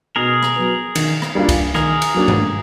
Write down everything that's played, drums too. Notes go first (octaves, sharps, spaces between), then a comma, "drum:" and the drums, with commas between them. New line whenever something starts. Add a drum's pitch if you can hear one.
B2 G#4 A#4
drum: rim click
F#3 B3
D#3, drum: cymbal
drum: rim click
G3 A#3 D4 F4
drum: kick C2, cymbal
D#3 G#4 A#4, drum: rim click
drum: cymbal
F#3 A#3 D4
drum: tom G2